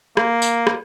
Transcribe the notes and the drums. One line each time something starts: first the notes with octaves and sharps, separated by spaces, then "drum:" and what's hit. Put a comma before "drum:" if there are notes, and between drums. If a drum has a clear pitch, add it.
A#3, drum: rim click
drum: tambourine
drum: rim click